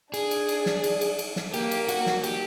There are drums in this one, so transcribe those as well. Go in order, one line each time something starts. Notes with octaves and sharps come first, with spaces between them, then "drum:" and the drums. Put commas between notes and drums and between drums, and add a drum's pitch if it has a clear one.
D4 G#4, drum: cymbal
drum: cymbal
drum: cymbal
drum: snare
drum: cymbal
drum: cymbal
drum: cymbal
drum: snare
A#3 G4, drum: cymbal
drum: cymbal
F#4, drum: cymbal
drum: snare
G4, drum: cymbal